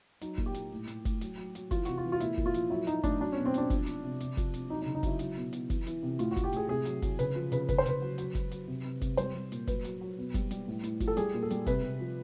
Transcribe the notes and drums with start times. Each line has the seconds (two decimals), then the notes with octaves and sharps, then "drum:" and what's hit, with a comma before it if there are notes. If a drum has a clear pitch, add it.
0.21 F#3 D#4, drum: hi-hat
0.38 A#2, drum: kick
0.46 G4
0.54 A#2, drum: hi-hat
0.72 A2
0.87 A2, drum: hi-hat
1.05 A2, drum: kick, hi-hat
1.21 F#3, drum: hi-hat
1.37 F#3
1.55 F#3, drum: hi-hat
1.71 E3 F4, drum: kick, hi-hat
1.85 C3 F#4, drum: hi-hat
1.98 F4
2.05 E3
2.12 F4
2.20 A#2 E4, drum: hi-hat
2.38 A#2, drum: kick
2.46 F4
2.54 F3, drum: hi-hat
2.70 F#3 E4
2.87 F#3 D#4, drum: hi-hat
3.03 A2 D4, drum: kick, hi-hat
3.20 F#3 D4
3.32 B2 C#4
3.45 C4
3.54 B2 D4, drum: hi-hat
3.70 F3, drum: kick, hi-hat
3.86 F3, drum: hi-hat
4.03 C3
4.20 C3, drum: hi-hat
4.37 F3, drum: kick, hi-hat
4.54 C3, drum: hi-hat
4.70 F#3 D#4
4.82 C#3 D#4
4.95 D#4
5.03 F#3 E4, drum: kick, hi-hat
5.19 F#3, drum: hi-hat
5.37 B2
5.53 B2, drum: hi-hat
5.70 E3, drum: kick, hi-hat
5.87 E3, drum: hi-hat
6.03 C3
6.19 A2 F4, drum: hi-hat
6.31 F#4
6.36 A2, drum: kick, hi-hat
6.44 G4
6.53 A2 G#4, drum: hi-hat
6.69 C3 G#4
6.85 F#3, drum: hi-hat
7.02 F#3, drum: kick, hi-hat
7.19 C#3 B4, drum: hi-hat
7.35 F3
7.52 C#3 B4, drum: hi-hat
7.69 C#3 B4, drum: kick, hi-hat
7.78 C5
7.85 C#3 B4, drum: hi-hat
8.02 F#3
8.18 F#3, drum: hi-hat
8.35 F#3, drum: kick, hi-hat
8.51 F#3, drum: hi-hat
8.68 C3
8.85 C3
9.01 C3, drum: kick, hi-hat
9.17 G3 C5, drum: hi-hat
9.34 G3
9.52 A#2, drum: hi-hat
9.67 F#3 B4, drum: kick, hi-hat
9.84 F#3, drum: hi-hat
10.01 F#3
10.18 B2
10.34 G3, drum: kick, hi-hat
10.51 G3, drum: hi-hat
10.68 A2
10.83 A2, drum: hi-hat
11.00 F3, drum: kick, hi-hat
11.08 A4
11.17 G3 G#4, drum: hi-hat
11.34 A#2
11.43 A4
11.50 G3, drum: hi-hat
11.66 C3 B4, drum: kick, hi-hat
11.83 C3
12.00 F3